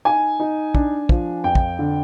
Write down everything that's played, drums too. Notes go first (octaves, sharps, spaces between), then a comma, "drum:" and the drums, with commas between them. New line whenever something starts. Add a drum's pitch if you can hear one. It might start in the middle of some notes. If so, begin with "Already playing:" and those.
D#4 G#5
D#4
D4, drum: kick
F3, drum: kick
F2 G5
drum: kick
D3